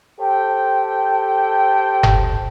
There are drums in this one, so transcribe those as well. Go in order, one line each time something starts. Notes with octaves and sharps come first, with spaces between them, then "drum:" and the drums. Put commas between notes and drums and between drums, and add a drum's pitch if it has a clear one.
G4 A4 C5 G5 A5
drum: tom F#1